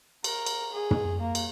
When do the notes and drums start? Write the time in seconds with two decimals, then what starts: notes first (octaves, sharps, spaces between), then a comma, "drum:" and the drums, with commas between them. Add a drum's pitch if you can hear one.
0.24 A#4, drum: cymbal
0.46 drum: cymbal
0.73 G#4
0.91 drum: tom
1.20 A#3
1.35 drum: cymbal